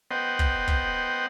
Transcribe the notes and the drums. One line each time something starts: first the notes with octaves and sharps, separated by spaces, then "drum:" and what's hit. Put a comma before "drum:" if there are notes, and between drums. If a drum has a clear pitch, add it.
B3 C5 D#5 F#5 G5
drum: kick
drum: kick